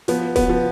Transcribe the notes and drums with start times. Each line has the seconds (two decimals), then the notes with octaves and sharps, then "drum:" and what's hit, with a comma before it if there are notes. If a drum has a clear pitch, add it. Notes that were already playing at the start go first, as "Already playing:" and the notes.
0.08 F3 B3, drum: hi-hat
0.36 B3, drum: kick D#1, hi-hat
0.49 F3